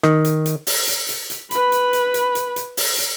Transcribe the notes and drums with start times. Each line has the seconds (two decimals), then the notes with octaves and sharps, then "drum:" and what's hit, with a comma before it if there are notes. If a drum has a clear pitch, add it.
0.03 D#3, drum: rim click
0.25 drum: hi-hat
0.46 drum: hi-hat
0.67 drum: open hi-hat
0.88 drum: hi-hat
1.09 drum: hi-hat
1.30 drum: hi-hat
1.51 B4 B5, drum: hi-hat
1.72 drum: hi-hat
1.93 drum: hi-hat
2.14 drum: hi-hat
2.35 drum: hi-hat
2.56 drum: hi-hat
2.77 drum: open hi-hat
2.98 drum: hi-hat